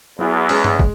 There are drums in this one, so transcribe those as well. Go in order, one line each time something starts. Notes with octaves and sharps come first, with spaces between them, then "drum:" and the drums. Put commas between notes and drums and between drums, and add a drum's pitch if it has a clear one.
E2 F#3 B3 E4 G#4
G#3 C#4 G#4 B4, drum: open hi-hat
drum: tom G2
G#3, drum: kick